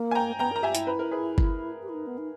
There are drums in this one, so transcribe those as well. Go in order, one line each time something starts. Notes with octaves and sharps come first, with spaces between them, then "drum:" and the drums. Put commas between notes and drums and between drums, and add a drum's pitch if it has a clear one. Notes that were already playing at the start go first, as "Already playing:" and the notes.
Already playing: A#3
G#5
G5 A#5
B3 G5 A#5
A#4 A#5
G4 E5 G#5
E4, drum: hi-hat
B4
A#4
G#4 B4
drum: kick G1
G4
E4
D#4
B3
D#4